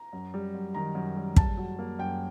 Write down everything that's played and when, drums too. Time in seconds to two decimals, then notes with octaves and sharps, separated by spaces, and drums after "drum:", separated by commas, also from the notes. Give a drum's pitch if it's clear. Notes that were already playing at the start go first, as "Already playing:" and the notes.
Already playing: A#5
0.13 F#2
0.34 G3
0.54 F#2
0.74 D#3 A#5
0.95 F#2
1.16 G3
1.36 F#1 A5, drum: kick
1.57 F#3
1.79 A#3
1.99 F#2 G5